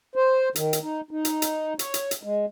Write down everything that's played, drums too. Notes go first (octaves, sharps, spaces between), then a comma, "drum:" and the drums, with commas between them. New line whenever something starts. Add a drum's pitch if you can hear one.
C5
D#3, drum: hi-hat
drum: hi-hat
D#4
D#4
drum: hi-hat
drum: hi-hat
C#5, drum: hi-hat
drum: hi-hat
drum: hi-hat
G#3